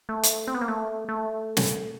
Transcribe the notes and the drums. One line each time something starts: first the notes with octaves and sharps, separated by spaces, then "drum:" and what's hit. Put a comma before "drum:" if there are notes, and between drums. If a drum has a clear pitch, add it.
A3
drum: hi-hat
C4
B3
A#3
A3
A3
drum: snare